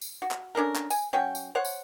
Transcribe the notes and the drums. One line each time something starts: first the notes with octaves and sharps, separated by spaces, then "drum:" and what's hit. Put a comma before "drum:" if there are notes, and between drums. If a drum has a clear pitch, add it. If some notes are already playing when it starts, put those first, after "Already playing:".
drum: tambourine
F#4
drum: clap
C#4 D4 A4 A#4
drum: clap
G#5, drum: tambourine
F#3 C#4 G5 C#6
drum: tambourine
C5 C#5 F#5
drum: tambourine